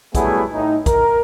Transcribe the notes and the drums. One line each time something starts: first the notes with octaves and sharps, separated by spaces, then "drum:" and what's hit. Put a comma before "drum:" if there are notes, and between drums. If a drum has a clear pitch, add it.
F#3 G3 A3 B3 E4 G#4, drum: kick, hi-hat
A2 D#4
A#4, drum: kick, hi-hat